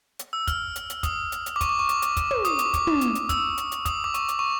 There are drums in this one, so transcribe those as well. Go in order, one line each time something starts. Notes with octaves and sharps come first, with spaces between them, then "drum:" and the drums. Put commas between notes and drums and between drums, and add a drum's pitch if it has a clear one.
drum: hi-hat
E6
F6, drum: kick, hi-hat
drum: hi-hat
drum: hi-hat
D#6, drum: kick, hi-hat
drum: hi-hat
drum: hi-hat
D6
C#6, drum: kick, hi-hat
D6
C#6
D6, drum: hi-hat
D6, drum: hi-hat
drum: kick, hi-hat
drum: tom
D#6, drum: hi-hat
D6, drum: hi-hat
D6, drum: kick, hi-hat
drum: tom
drum: hi-hat
drum: hi-hat
E6, drum: kick, hi-hat
drum: hi-hat
drum: hi-hat
D#6, drum: kick, hi-hat
D6
C#6, drum: hi-hat
D6, drum: hi-hat
C#6